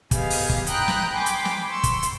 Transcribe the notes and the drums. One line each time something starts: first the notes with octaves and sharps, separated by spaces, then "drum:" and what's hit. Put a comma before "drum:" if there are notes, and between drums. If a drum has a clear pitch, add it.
B3 G4 G#4 D#5 F5 G#5, drum: kick, hi-hat
drum: open hi-hat
drum: kick
G5 A#5 B5 D#6 F#6 G6, drum: hi-hat
drum: snare
G5 G#5 B5 C6 D6
drum: hi-hat
drum: snare
C6 C#6 E6
drum: kick, hi-hat
drum: hi-hat